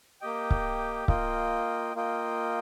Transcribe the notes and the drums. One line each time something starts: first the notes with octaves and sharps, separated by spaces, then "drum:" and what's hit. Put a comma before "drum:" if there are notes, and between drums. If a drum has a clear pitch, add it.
A#3 G4 D#5 G5
drum: kick C#1
A#3 F4 D#5 G5, drum: kick C#1
A#3 F4 D#5 G5